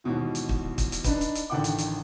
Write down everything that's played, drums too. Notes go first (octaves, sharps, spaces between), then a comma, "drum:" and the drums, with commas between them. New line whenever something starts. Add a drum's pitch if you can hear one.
D#2 G#2 B2 E3
drum: hi-hat
drum: kick
drum: kick, hi-hat
drum: hi-hat
D4 D#4 B4, drum: kick, hi-hat
drum: hi-hat
drum: hi-hat
A1 D3 D#3 F#5 G5 D6
drum: hi-hat
drum: hi-hat